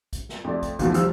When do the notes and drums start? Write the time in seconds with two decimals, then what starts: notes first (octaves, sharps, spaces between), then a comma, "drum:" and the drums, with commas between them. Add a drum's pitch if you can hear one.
0.13 drum: kick, hi-hat
0.29 drum: snare
0.44 F2 A3 D5
0.62 drum: kick, hi-hat
0.79 D#2 B2 E3 F3 A3, drum: kick, hi-hat
0.94 F1 F3 G3 C5 E6 F6, drum: hi-hat